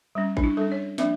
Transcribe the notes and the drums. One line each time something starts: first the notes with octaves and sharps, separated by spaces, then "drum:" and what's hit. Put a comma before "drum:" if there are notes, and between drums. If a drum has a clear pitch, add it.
G3 C#4
D4, drum: kick A1
E4
G3 C#4 A4
C#5
F3 A#3 D4 E5, drum: snare